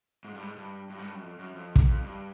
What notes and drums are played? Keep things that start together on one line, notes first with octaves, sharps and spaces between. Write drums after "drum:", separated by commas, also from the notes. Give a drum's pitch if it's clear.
G#2
G2
G#2
G2
G2
G#2
G2
F#2
F2
F#2
F2
drum: kick
F2
G2